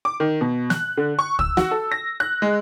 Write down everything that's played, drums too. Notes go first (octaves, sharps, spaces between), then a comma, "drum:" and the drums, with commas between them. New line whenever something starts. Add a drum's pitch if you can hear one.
D6
D#3
B2
F#6, drum: snare
D3
C#6
E6, drum: kick
F#4, drum: snare
A4
A#6
F#6
G#3